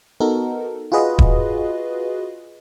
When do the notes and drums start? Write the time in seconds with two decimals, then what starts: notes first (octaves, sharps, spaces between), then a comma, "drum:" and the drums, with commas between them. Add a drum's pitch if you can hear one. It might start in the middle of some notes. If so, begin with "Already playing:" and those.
0.20 B3 D#4 F#4 A4 A#4
0.92 F4 F#4 G#4 B4 D#5
1.19 drum: kick D#1